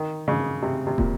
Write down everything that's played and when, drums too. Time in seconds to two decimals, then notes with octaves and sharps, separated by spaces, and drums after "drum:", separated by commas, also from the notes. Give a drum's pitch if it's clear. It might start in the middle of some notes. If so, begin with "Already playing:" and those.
Already playing: D#3
0.28 C#3
0.62 C3
0.87 C3
0.98 A#2, drum: kick